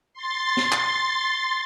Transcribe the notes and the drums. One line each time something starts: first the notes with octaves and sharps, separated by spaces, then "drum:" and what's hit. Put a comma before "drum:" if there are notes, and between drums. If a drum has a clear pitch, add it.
C6 A6
drum: snare
drum: clap